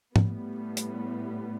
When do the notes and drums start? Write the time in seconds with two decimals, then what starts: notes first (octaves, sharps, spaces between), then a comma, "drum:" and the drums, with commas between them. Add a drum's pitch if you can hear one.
0.16 A2 G3 B3, drum: tom G#2
0.77 drum: hi-hat